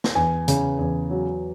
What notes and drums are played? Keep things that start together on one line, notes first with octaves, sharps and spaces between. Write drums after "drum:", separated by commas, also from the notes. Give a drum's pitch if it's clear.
drum: snare
E2 G#5
C#3, drum: hi-hat
E2
F#3